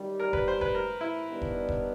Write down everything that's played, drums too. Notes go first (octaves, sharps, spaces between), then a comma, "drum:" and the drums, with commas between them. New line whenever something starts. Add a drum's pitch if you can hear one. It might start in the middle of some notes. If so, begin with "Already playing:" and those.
Already playing: F#2 D#3 G3
A#4
B4, drum: kick E1
C5
B4, drum: kick E1
A#4
E4
D#3 G3 B3 D4
drum: kick E1
drum: kick E1